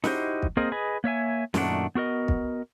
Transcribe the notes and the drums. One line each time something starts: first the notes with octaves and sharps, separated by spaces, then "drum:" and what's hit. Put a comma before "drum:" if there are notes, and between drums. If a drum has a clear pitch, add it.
D#4 E4 F#4 G4 C5 D#5, drum: snare
drum: kick
A#3 C4 G#4 A#4 C5 D#5
G#4 B4 D#5 G#5
A#3 C#5 E5 G#5
F#2 A#2 D#3 A3 D4 F#5, drum: snare
B3 F#4 A#4 D#5
drum: kick